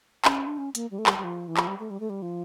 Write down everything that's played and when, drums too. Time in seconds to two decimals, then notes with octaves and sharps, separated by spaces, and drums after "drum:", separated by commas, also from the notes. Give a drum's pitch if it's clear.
0.25 C#4, drum: clap
0.47 D4
0.58 C#4
0.75 A#3, drum: hi-hat
0.91 G3
0.99 A3
1.06 G3, drum: clap
1.18 G3
1.24 F3
1.48 E3
1.57 F3, drum: clap
1.67 G3
1.79 A3
1.90 G3
2.00 A3
2.10 G3
2.22 F3